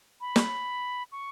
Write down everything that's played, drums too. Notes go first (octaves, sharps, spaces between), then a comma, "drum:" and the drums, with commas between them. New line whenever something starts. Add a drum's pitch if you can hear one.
B5
drum: snare
C#6